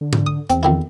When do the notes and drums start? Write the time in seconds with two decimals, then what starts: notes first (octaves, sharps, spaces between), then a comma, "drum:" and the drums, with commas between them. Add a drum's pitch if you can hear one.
0.01 D3
0.13 drum: tom G#2
0.27 D#6
0.50 E2 C4, drum: hi-hat
0.63 F2 D#3 E4